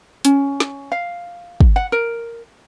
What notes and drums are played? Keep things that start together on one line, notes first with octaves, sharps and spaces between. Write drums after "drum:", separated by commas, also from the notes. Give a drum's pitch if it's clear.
C#4, drum: hi-hat
drum: snare
F5
drum: kick
F#5
A#4